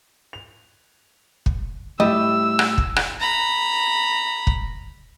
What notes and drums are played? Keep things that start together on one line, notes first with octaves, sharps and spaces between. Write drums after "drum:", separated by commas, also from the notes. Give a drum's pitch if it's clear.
F7
drum: kick
A2 G3 E4 G4 D#5 E5 E6
drum: rim click
drum: kick
drum: rim click
A#5 B5
drum: kick